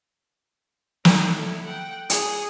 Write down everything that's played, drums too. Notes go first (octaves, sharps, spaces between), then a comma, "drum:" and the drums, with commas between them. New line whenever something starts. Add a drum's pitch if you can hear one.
D#4, drum: snare
E4 A4
F#5 G5
G#4, drum: hi-hat